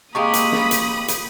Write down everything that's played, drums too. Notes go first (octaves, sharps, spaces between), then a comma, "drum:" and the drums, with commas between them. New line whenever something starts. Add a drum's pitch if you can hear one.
C3 G#3 A#3 G4 F5 B5 C#6 D#6
drum: hi-hat
drum: snare
drum: hi-hat
drum: hi-hat